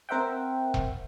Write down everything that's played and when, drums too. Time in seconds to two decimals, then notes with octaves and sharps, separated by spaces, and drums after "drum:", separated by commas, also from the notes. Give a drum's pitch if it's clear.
0.09 C4 A#4 C5 E5 F#5 G5
0.74 drum: kick E1